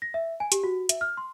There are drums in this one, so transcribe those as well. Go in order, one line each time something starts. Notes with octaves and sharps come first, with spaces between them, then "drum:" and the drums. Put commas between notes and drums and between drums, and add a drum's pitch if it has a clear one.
A#6
E5
G#5
G4, drum: hi-hat
F#4
E5, drum: hi-hat
F6
C6